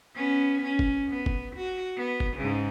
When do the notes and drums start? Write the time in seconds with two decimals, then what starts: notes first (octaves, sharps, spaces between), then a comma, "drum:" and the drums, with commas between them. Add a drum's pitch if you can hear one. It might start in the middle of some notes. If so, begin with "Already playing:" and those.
0.16 B3 C#4
0.64 C#4
0.79 drum: kick
1.08 B3
1.26 drum: kick
1.56 F#4
1.97 B3
2.20 drum: kick
2.37 G#2 C#3